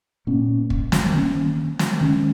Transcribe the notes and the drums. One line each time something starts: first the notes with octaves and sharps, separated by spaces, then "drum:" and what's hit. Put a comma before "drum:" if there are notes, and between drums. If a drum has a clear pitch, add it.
A#2 A#3 C#4
drum: kick
drum: snare
D#3 A#3 C#4
drum: snare
D#3 G#3 C#4